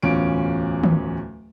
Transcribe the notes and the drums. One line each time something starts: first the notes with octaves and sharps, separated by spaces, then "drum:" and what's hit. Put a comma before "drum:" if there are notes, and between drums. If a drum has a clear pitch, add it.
D1 E2 C#4 F4 D7
drum: tom D#3